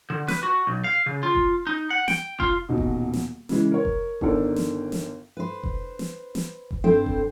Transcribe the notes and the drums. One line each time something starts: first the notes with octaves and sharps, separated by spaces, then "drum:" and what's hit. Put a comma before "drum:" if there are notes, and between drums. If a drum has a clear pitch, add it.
D3
B4, drum: snare
F#4
B1
F5
C#3
F4
drum: kick F1
D#4
F#5
G5, drum: snare
F4, drum: kick F1
D#1 B2 D#4 F#4
drum: kick F1
drum: snare
C#3 E3 G#3, drum: snare
A#4 C#5
drum: kick F1
G1 D#3 D4 A4 A#4, drum: kick F1
drum: snare
drum: snare
B4 C5
drum: kick F1
drum: snare
drum: snare
drum: kick F1
G2 C4 A4 C5 G5
drum: kick F1